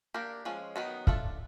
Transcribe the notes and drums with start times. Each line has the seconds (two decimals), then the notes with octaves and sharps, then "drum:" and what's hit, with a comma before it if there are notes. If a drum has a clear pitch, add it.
0.14 A#3 D4 G4 A#4
0.45 F3 G#3 C#4
0.76 D#3 F#3 B3 D#4
1.07 A3 D4 F4 A4, drum: kick